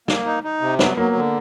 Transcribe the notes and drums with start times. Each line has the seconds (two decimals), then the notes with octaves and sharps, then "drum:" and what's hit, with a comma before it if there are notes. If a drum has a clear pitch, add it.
0.08 A#3, drum: snare
0.25 D#4
0.44 D#4
0.61 C3
0.79 F#3 B3, drum: snare
0.97 F#3 A#3
1.16 D3